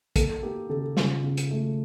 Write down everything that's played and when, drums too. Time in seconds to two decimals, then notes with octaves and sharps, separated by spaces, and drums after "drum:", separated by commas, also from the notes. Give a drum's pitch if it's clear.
0.16 A#3 A4, drum: kick, hi-hat
0.43 A#3 G4
0.69 C#3 A4
0.97 C#3 F4, drum: snare
1.24 C#3
1.37 drum: hi-hat
1.51 A3